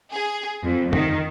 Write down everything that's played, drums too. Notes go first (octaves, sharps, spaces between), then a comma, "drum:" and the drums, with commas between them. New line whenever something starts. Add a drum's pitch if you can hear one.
G#4
F2
D#3, drum: tom F2